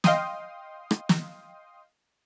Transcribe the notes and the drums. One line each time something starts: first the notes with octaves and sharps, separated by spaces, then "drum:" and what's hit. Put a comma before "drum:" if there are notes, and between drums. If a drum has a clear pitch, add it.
D#5 F5 G5 C6 D#6, drum: snare
drum: rim click
drum: snare